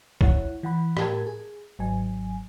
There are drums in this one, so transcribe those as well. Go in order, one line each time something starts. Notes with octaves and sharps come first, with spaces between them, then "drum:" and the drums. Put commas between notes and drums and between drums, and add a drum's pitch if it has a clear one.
E4 C#5 F#5, drum: kick
E3 F#5 B5
A2 G4 A#4 A5 G#6, drum: rim click
G#4
G#1 F#3 G#5